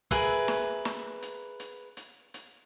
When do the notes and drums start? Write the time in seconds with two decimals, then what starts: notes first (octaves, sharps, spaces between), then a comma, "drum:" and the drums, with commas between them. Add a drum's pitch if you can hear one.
0.11 G#4 A#4 B4 E5, drum: kick, hi-hat
0.48 drum: snare
0.85 drum: snare
1.22 drum: hi-hat
1.60 drum: hi-hat
1.97 drum: hi-hat
2.34 drum: hi-hat